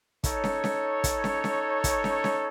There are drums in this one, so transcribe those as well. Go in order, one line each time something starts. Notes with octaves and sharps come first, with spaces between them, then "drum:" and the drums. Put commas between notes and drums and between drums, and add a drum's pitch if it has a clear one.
D#4 A4 C#5, drum: kick, hi-hat
drum: snare
drum: snare
drum: kick, hi-hat
drum: snare
drum: snare
drum: kick, hi-hat
drum: snare
drum: snare